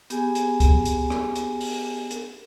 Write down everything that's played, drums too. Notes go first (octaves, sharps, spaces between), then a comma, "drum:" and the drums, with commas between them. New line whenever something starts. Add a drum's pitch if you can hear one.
B3 G4 G#4 G#5, drum: hi-hat
drum: hi-hat
drum: kick C#2, hi-hat
drum: hi-hat
drum: rim click
drum: hi-hat
drum: open hi-hat
drum: hi-hat